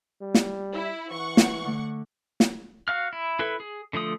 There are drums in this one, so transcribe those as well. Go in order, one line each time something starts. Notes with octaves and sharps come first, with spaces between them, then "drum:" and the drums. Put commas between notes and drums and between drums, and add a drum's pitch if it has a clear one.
G3
drum: snare
E4 E6
E3 F#5 C#6
drum: snare
D3 A3
drum: snare
F#4 F5 F6
E4
E4 A4 B4 E5
G#4
D3 F3 A3 D#6